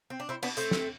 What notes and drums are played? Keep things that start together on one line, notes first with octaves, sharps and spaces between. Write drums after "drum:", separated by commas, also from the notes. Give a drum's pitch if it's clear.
C4
D4
C4 E4
B3 D4, drum: cymbal
A3 C4, drum: hi-hat
drum: snare